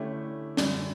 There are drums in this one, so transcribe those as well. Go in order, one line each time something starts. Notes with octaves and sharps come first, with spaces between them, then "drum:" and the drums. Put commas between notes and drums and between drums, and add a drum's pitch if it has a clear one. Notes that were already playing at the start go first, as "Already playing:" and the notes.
Already playing: D3 A3 C#4 E4 G4
F#2 D3 G3, drum: snare